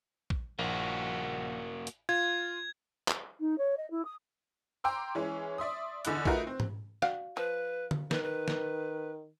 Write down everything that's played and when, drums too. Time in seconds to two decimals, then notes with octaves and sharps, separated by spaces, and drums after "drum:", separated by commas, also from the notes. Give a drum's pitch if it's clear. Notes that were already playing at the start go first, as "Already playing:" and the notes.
0.30 drum: kick
0.59 A#1 A#3 F#4
1.87 drum: hi-hat
2.09 F4 G#6
3.08 drum: clap
3.40 D#4
3.58 C#5
3.77 D#5
3.90 E4
4.04 D#6
4.84 G5 A#5 C6 D6 E6
5.15 E3 G#3 C#4
5.58 D5 E5 C6 D#6
6.05 E2 D3 D#4 B5 F#6, drum: hi-hat
6.25 A3 D#4 F4 F#4 A#4 B4, drum: kick
6.47 C4
6.60 drum: tom G#2
7.02 F#4 D5 F5, drum: rim click
7.37 F3 B4
7.91 drum: tom D3
8.11 D#3 B4, drum: snare
8.23 B4
8.48 drum: snare